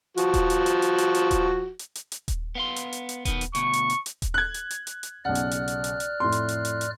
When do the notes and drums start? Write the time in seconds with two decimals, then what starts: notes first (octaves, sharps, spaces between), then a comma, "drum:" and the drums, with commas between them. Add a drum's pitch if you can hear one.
0.17 F3 F#4, drum: hi-hat
0.34 drum: kick D#1, hi-hat
0.50 drum: hi-hat
0.66 drum: hi-hat
0.82 drum: hi-hat
0.98 drum: hi-hat
1.15 drum: hi-hat
1.31 drum: kick D#1, hi-hat
1.79 drum: hi-hat
1.95 drum: hi-hat
2.12 drum: hi-hat
2.28 drum: kick D#1, hi-hat
2.55 B3 F5 C6
2.76 drum: hi-hat
2.93 drum: hi-hat
3.09 drum: hi-hat
3.25 B2 D#3 B3, drum: kick D#1, hi-hat
3.41 drum: hi-hat
3.55 D2 B2 C#6, drum: hi-hat
3.73 drum: hi-hat
3.90 drum: hi-hat
4.06 drum: hi-hat
4.22 drum: kick D#1, hi-hat
4.34 F#6 G#6
4.54 drum: hi-hat
4.70 drum: hi-hat
4.87 drum: hi-hat
5.03 drum: hi-hat
5.25 B1 C#3 D5 F#5 F6 F#6
5.35 drum: hi-hat
5.51 drum: hi-hat
5.68 drum: hi-hat
5.84 drum: hi-hat
6.00 drum: hi-hat
6.20 F2 A2 C6
6.32 drum: hi-hat
6.48 drum: hi-hat
6.65 drum: hi-hat
6.81 drum: hi-hat